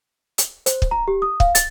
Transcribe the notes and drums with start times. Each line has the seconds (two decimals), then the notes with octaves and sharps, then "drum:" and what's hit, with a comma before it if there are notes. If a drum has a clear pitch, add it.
0.38 drum: hi-hat
0.66 C5, drum: hi-hat
0.82 drum: kick
0.91 A#5
1.08 G4
1.22 D#6
1.40 F5, drum: kick
1.55 A6, drum: hi-hat